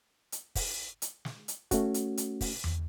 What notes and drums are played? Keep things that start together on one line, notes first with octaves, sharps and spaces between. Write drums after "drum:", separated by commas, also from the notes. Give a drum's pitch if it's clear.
drum: hi-hat
drum: kick, open hi-hat
drum: hi-hat
drum: snare
drum: hi-hat
A3 C#4 F#4, drum: kick, hi-hat
drum: hi-hat
drum: hi-hat
drum: kick, open hi-hat
drum: tom E2